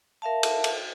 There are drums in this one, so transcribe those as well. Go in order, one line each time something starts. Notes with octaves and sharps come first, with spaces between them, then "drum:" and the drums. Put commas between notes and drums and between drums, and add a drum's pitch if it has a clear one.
A#4 E5 F5 A5
drum: cymbal
drum: cymbal